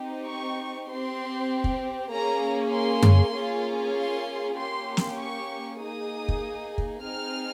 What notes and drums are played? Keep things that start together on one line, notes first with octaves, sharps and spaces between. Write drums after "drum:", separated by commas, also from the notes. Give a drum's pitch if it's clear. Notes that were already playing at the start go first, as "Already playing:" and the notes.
Already playing: C4 D#4 G4
C#6
C4 G4 C6
drum: kick
A#3 C#4 G#4 A#5
C6
drum: tom F#2
A#3 C#4 F4 G#4
C6
A#3 C#4 G4 C6
drum: snare
C#6
A#3 D#4 G#4 D#6
drum: kick
drum: kick
C4 D#4 G#4 F6